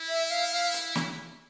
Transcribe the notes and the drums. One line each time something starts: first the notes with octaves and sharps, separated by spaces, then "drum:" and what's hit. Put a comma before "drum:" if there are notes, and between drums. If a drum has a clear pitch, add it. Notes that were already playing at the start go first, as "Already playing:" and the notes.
Already playing: E4
E5
F5
F5
drum: hi-hat
drum: snare